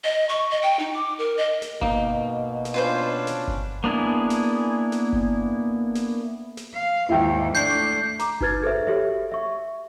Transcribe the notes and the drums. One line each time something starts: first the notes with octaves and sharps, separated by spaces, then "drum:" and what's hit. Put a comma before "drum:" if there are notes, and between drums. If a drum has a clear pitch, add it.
D#5
C#6
D#5
G5
D#4
D6
A#4
D#5
drum: snare
B2 A#3 D#4, drum: kick G1
drum: snare
C#4 D4 F4 B4 C5
drum: snare
drum: kick G1
A#3 B3 D4 E4 G#4
drum: snare
drum: snare
drum: kick G1
drum: snare
drum: snare
F5
D#2 G#2 E4 E5 G5
A3 D4 G6 C7
A#5 D6, drum: snare
D#4 F#4 B4 F6 G#6 A6, drum: kick G1
G#4 A4 B4 C5 E5
F#4 G4 A4 C#5 E5
E5 C#6